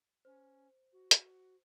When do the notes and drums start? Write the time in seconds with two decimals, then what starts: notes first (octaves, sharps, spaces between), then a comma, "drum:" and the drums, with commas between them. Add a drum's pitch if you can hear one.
0.25 C#4 C5
0.92 F#4
1.11 drum: hi-hat